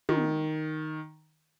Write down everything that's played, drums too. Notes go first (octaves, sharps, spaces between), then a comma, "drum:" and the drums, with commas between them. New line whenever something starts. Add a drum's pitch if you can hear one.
D#3, drum: tom